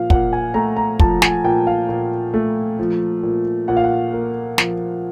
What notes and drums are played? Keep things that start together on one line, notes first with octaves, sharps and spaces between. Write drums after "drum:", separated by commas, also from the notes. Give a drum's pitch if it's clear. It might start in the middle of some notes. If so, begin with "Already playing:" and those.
Already playing: A#2 F3 F5
A#2 F#5, drum: kick
G#5
A3 A#5
A#5
F3 A5, drum: kick
G#5, drum: snare
A#2 G5
F5
A#2
A3
F3
A#2
A#2 F#5
F5
F#5
A#3
F3, drum: snare